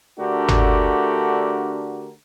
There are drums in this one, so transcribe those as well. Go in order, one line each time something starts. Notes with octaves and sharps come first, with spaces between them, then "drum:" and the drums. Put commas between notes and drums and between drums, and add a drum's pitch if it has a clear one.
D3 A3 D4 F#4 G4 A#4
drum: tom